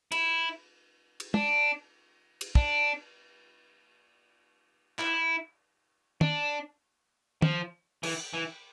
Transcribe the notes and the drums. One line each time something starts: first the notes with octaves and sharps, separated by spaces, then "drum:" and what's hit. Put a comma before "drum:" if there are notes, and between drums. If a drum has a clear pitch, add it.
E4, drum: cymbal
drum: cymbal
D4, drum: tom
drum: cymbal
D4, drum: kick
E4, drum: clap
D4, drum: tom
F3, drum: tom
E3, drum: cymbal
E3